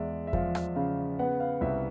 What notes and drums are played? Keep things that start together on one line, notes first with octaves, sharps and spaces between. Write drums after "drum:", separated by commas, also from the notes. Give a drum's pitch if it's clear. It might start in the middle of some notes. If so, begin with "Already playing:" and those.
Already playing: E2 G#3 D5 E5
E5
F3 F5, drum: kick E2
drum: rim click
C#3 F5
B3 F#5
F5
C2 E5